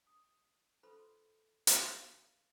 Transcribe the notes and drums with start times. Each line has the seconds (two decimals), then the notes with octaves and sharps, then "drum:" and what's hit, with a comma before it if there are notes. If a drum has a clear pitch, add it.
0.07 D#6
0.83 F4 A4 B4 C5 B5 C6
1.67 drum: hi-hat
1.79 F5